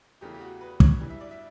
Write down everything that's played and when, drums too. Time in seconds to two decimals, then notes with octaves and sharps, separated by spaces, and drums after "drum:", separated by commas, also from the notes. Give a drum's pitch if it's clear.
0.21 E2 C#3 E3 A3 G4
0.34 G4
0.41 F#4
0.61 B4
0.80 C#5, drum: kick
1.00 G2 E3 G3
1.10 E5
1.20 D5
1.31 E5